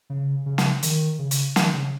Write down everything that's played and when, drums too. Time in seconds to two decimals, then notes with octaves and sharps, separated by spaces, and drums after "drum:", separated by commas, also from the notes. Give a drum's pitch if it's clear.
0.10 C#3
0.46 C#3
0.58 drum: snare
0.83 D#3, drum: hi-hat
1.19 C#3
1.31 drum: hi-hat
1.56 D#3, drum: snare
1.73 C#3